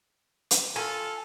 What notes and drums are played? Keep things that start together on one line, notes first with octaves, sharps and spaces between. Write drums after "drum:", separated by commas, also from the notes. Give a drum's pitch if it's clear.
drum: hi-hat
F4 A4 G#5